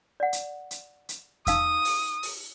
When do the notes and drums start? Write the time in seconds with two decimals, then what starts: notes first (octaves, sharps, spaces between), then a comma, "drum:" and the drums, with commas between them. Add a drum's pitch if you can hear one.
0.20 D5 F#5
0.33 drum: hi-hat
0.71 drum: hi-hat
1.09 drum: hi-hat
1.47 D#4 F5 D#6 E6, drum: kick E2, hi-hat
1.85 drum: open hi-hat
2.23 drum: open hi-hat